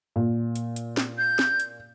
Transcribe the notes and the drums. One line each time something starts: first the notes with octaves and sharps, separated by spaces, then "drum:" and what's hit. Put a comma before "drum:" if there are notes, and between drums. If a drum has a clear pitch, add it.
A#2
drum: hi-hat
drum: hi-hat
drum: snare
G6
drum: snare
drum: hi-hat